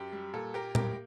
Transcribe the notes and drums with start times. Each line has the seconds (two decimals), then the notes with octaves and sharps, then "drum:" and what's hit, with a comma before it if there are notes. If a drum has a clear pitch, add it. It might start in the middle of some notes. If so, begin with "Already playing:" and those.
Already playing: F#2 G4
0.12 G3
0.34 A#2 A4
0.54 A#3 G4 A#4
0.75 A2 G4 A#4, drum: tom A#2